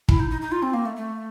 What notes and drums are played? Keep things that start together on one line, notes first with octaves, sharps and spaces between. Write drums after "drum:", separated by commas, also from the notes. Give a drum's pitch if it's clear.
E4, drum: kick
D#4
D#4
D#4
F4
C4
A#3
A3
A3